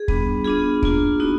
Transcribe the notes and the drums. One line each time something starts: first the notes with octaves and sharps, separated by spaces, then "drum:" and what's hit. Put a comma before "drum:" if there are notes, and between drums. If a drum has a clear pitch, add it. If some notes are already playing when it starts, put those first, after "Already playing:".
Already playing: G#4
G3 B3 D4, drum: kick
B3 D4 F4 G#4
A#3 D4 F4, drum: kick
B3 D#4 F#4